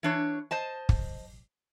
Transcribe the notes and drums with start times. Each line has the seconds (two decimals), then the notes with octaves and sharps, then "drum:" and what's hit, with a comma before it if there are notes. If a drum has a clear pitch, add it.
0.03 E3 D4 C#5
0.51 C5 D#5 A5
0.89 drum: kick